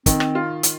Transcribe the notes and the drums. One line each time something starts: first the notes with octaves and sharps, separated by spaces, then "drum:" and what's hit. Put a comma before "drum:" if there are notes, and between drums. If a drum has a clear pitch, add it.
D#3 C4, drum: kick, hi-hat
drum: rim click
F4
drum: hi-hat